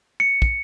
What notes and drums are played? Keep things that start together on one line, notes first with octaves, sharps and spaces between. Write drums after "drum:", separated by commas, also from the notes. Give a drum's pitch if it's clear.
C#7
drum: kick